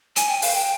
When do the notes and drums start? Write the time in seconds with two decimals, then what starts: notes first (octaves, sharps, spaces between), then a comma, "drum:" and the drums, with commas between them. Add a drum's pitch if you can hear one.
0.16 G#5, drum: hi-hat
0.28 G5
0.42 F5, drum: open hi-hat
0.55 G5